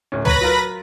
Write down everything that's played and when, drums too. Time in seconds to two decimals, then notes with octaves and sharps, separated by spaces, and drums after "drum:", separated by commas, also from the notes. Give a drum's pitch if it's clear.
0.12 D1 C#4
0.25 B4 C#5 A#5 B5 A#6, drum: tom
0.41 F#3 F4 A#4